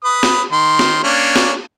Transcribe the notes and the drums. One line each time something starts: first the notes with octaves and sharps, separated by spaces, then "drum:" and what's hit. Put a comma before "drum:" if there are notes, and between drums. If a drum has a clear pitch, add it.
B4 D#6
drum: snare
D#3 C6
drum: snare
A#3 C#4 D4
drum: snare